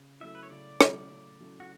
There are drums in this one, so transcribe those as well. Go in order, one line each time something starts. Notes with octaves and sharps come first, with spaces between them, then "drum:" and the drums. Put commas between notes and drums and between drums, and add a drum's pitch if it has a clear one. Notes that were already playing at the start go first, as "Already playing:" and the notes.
Already playing: C#3
F#3 A3 C#4 E4 E5
B4
C#5
C#3 D5
F#3 A3 C#4 E4, drum: rim click
C#3
F#3 A3 C#4 E4
F#4